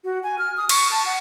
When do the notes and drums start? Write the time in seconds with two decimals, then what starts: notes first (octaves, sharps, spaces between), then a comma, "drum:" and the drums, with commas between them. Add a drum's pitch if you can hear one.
0.04 F#4
0.23 G#5
0.38 F6
0.57 D#6
0.69 C#6, drum: cymbal
0.91 A5
1.06 F#5